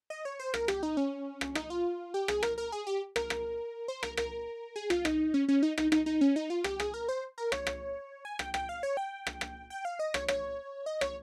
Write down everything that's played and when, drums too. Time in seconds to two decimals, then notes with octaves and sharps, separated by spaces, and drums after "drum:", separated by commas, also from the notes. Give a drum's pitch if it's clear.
0.10 D#5
0.25 C#5
0.40 C5
0.54 A#4, drum: rim click
0.68 G4, drum: rim click
0.83 D#4
0.97 C#4
1.41 drum: rim click
1.55 D#4, drum: rim click
1.70 F4
2.14 G4
2.28 G#4, drum: rim click
2.43 A#4, drum: rim click
2.58 A#4
2.72 G#4
2.87 G4
3.16 A#4, drum: rim click
3.30 drum: rim click
3.88 C5
4.03 A#4, drum: rim click
4.17 A#4, drum: rim click
4.76 G#4
4.90 F4, drum: rim click
5.05 D#4, drum: rim click
5.34 C#4
5.48 C#4
5.63 D#4
5.78 D#4, drum: rim click
5.92 D#4, drum: rim click
6.06 D#4
6.21 C#4
6.36 D#4
6.50 F4
6.64 G4, drum: rim click
6.80 G#4, drum: rim click
6.94 A#4
7.09 C5
7.38 A#4
7.52 C#5, drum: rim click
7.67 drum: rim click
8.25 G#5
8.39 G5, drum: rim click
8.54 G5, drum: rim click
8.69 F5
8.83 C#5
8.97 G5
9.27 drum: rim click
9.41 drum: rim click
9.70 G5
9.85 F5
9.99 D#5
10.14 C#5, drum: rim click
10.28 C#5, drum: rim click
10.86 D#5
11.01 C#5, drum: rim click